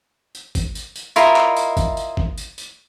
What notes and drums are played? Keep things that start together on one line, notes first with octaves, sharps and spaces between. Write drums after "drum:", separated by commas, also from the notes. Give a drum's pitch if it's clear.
drum: tambourine
drum: kick A1, tambourine
drum: tambourine
drum: tambourine
E4 F4 A#4 D#5, drum: tambourine
drum: clap
drum: tambourine
drum: kick A1, tambourine
drum: tambourine
drum: kick A1
drum: tambourine
drum: tambourine